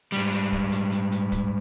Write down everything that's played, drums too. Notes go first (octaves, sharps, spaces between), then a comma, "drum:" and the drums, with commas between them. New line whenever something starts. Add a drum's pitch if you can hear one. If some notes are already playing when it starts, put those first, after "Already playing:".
G#2 G3, drum: hi-hat
drum: hi-hat
drum: kick
drum: hi-hat
drum: hi-hat
drum: hi-hat
drum: kick, hi-hat